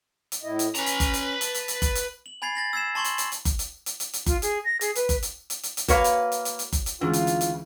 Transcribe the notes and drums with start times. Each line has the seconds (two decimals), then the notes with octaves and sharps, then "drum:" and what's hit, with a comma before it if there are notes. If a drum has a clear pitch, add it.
0.32 drum: hi-hat
0.43 A2 E4 D#5
0.59 drum: hi-hat
0.75 C#4 B4 A#5, drum: hi-hat
0.86 drum: hi-hat
1.00 drum: kick F#1, hi-hat
1.14 drum: hi-hat
1.41 A5, drum: hi-hat
1.54 drum: hi-hat
1.68 drum: hi-hat
1.82 drum: kick F#1, hi-hat
1.95 drum: hi-hat
2.26 F#7
2.42 G#5 B5 G#6 A6 C7
2.55 A6 A#6 F#7
2.73 E6 G#6 C7 E7
2.95 A5 C6 C#6 G#6 F#7
3.04 drum: hi-hat
3.18 drum: hi-hat
3.32 drum: hi-hat
3.45 drum: kick F#1, hi-hat
3.59 drum: hi-hat
3.86 drum: hi-hat
4.00 drum: hi-hat
4.13 drum: hi-hat
4.26 F4, drum: kick F#1, hi-hat
4.42 G#4, drum: hi-hat
4.65 A#6
4.81 G#4, drum: hi-hat
4.95 B4, drum: hi-hat
5.09 drum: kick F#1, hi-hat
5.23 drum: hi-hat
5.50 drum: hi-hat
5.63 drum: hi-hat
5.77 drum: hi-hat
5.88 A#3 F#4 B4 C#5 F5, drum: kick F#1, hi-hat
6.04 drum: hi-hat
6.32 drum: hi-hat
6.45 drum: hi-hat
6.59 drum: hi-hat
6.72 drum: kick F#1, hi-hat
6.86 drum: hi-hat
7.01 D2 C#3 E3 G#3 F4
7.13 drum: hi-hat
7.27 drum: hi-hat
7.41 drum: hi-hat